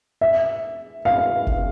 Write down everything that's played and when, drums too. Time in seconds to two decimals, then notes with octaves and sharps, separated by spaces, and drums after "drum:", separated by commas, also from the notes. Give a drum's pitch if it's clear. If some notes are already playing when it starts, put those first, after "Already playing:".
0.21 E5
1.05 F5
1.47 drum: kick F1